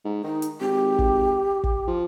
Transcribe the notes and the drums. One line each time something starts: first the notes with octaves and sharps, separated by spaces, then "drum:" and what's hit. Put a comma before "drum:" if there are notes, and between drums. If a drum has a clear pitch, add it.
G#2
D#3 D#4
drum: hi-hat
G#1 G4
drum: kick
drum: kick
F3